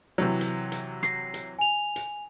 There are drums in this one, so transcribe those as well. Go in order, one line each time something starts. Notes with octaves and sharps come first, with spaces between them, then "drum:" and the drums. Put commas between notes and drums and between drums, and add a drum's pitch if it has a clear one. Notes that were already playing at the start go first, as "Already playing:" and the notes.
C3 E3 F#3
drum: hi-hat
drum: hi-hat
A#6 C7, drum: rim click
drum: hi-hat
G#5 F7
drum: hi-hat